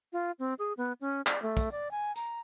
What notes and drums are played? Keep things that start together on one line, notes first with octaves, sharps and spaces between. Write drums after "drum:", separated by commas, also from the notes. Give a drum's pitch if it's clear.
F4
C4
G#4
B3
C#4
D5, drum: clap
A3
drum: kick, tambourine
D5
G#5
A#5, drum: tambourine